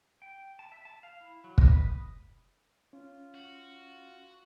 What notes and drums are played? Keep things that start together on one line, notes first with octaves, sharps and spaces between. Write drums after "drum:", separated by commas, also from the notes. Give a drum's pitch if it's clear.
G5
A5
E5
A5
F5
E4
F#3
D#5, drum: kick
B4
D#6
C#4 F4
F#4